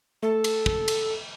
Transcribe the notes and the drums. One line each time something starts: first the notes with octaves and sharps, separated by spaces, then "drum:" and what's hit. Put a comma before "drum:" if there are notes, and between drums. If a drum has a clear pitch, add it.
A3 A4
drum: cymbal
drum: kick
drum: cymbal